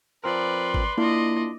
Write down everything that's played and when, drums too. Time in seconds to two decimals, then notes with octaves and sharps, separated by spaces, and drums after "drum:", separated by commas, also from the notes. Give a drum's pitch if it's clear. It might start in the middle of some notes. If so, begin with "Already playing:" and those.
0.24 F3 C4 A#4 B4 D5 C6
0.74 drum: kick G#1
0.97 A#3 D4 E4 F4 D5 D#5